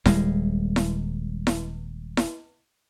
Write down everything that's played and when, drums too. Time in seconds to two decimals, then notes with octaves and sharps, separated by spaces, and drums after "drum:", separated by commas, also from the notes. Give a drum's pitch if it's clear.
0.05 D#1 G3 G#3, drum: snare E4
0.76 drum: snare E4
1.47 drum: snare E4
2.17 drum: snare E4